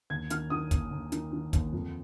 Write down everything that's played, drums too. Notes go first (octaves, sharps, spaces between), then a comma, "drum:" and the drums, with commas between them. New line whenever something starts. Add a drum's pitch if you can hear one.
D#2 G#6
D#3 F6, drum: hi-hat
D#3 D#6
D#2, drum: kick, hi-hat
D#2
D#3, drum: hi-hat
D#3
D#2, drum: kick, hi-hat
F2